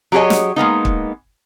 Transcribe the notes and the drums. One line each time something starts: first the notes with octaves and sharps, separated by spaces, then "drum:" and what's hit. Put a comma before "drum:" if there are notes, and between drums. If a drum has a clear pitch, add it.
F#3 G4 G#4 C#5 D#5
drum: snare
G#3 A#3 B3 D#4
drum: kick